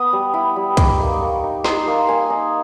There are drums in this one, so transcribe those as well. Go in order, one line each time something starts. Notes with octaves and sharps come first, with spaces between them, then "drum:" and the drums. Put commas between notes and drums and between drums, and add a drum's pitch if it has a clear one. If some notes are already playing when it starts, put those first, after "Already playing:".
Already playing: B3 D#6
G3
E4
G3
D#4 D6, drum: kick, hi-hat
A#3
A#3 C#6
D#4
D#4 C6, drum: snare
A#3
A#3 G#5
D#4